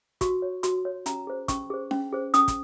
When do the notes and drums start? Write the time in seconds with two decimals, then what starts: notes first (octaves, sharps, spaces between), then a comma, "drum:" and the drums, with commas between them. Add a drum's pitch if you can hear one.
0.21 F#4 C#6, drum: kick, hi-hat
0.42 C#5
0.63 F#4 C6, drum: hi-hat
0.85 C#5
1.06 C#4 A#5, drum: hi-hat
1.27 G#4 C5
1.48 C#4 C#6, drum: kick, hi-hat
1.70 G#4 C5
1.91 C#4, drum: snare D4
2.13 G#4 C5
2.34 C#4 D#6, drum: hi-hat
2.48 drum: kick, hi-hat